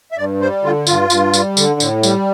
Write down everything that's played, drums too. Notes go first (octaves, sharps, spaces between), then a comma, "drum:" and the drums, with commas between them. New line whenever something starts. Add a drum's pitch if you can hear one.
E5
G2 D5
G3 C5
D3 F4
G2 F4, drum: tambourine
G2, drum: tambourine
G3, drum: tambourine
D3, drum: tambourine
A2, drum: tambourine
G3, drum: tambourine